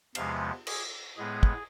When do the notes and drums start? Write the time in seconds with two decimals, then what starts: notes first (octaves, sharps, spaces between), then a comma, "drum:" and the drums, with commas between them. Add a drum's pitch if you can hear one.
0.15 E2 C3 F3 G#3 B3 F5, drum: cymbal
0.67 G#4, drum: cymbal
1.17 A2 G#3 B3 G#4
1.43 drum: kick